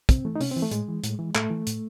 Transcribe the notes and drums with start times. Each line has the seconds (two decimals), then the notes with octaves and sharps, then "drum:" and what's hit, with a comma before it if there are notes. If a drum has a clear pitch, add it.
0.09 C3 C4, drum: kick, hi-hat
0.25 E3 A3
0.36 D#4
0.41 C3 C#4, drum: open hi-hat
0.51 E3 C4
0.62 A3
0.71 A2 G#3, drum: hi-hat
0.88 E3
1.04 A2, drum: hi-hat
1.19 E3
1.35 A2 A3, drum: clap
1.50 E3
1.67 A2, drum: hi-hat